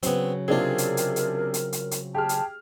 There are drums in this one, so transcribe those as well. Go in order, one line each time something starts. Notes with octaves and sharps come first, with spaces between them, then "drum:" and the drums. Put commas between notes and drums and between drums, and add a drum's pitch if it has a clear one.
C#3 F#3 B3 C4, drum: hi-hat
C3 C4 D4 F4 G#4 A#4
drum: hi-hat
drum: hi-hat
drum: hi-hat
drum: hi-hat
drum: hi-hat
drum: hi-hat
G4 G#4 A5 F6
drum: hi-hat